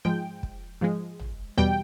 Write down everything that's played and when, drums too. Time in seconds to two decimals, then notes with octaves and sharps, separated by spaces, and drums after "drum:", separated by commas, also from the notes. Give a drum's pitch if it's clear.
0.05 G#2 F3 G#3 G5
0.43 drum: kick
0.81 G#2 F3 G#3
1.19 drum: tom
1.57 E2 B2 G3 G5